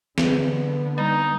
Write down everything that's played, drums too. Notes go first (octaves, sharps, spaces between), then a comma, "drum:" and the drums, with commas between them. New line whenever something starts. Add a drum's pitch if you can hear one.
D3 B3, drum: snare
G3 D#4